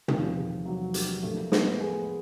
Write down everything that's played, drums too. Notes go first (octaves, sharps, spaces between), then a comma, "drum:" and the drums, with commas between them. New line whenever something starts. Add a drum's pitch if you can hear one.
E2 C3 D#3 F3 G3 F4, drum: tom
F#3 F#4
G3 G4, drum: hi-hat
A2 F3 A3 A#3 D4 A4
B3 B4, drum: snare
G#3 G#4